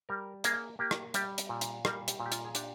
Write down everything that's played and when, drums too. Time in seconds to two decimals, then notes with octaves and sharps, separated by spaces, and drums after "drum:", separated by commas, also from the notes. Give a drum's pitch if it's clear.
0.09 G3 A#4
0.44 A#3 G#4, drum: hi-hat
0.79 A#3 G4
0.91 drum: rim click
1.14 G3 G4, drum: hi-hat
1.38 drum: hi-hat
1.49 A#2
1.61 drum: hi-hat
1.85 G3 A#4, drum: rim click
2.08 G4, drum: hi-hat
2.20 A#2
2.26 G4
2.32 F4, drum: hi-hat
2.45 G#4
2.55 D4 G4, drum: hi-hat